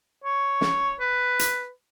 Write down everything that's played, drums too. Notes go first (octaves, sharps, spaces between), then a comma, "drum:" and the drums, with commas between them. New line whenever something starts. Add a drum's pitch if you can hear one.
C#5
drum: snare
B4
drum: hi-hat